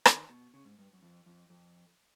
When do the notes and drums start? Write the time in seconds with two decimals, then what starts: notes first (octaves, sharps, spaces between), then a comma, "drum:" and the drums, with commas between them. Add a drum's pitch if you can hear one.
0.05 D#3, drum: rim click
0.30 B2
0.54 C#3
0.65 G#2
0.78 G2
0.93 F#2
1.03 F2
1.26 F2
1.50 F2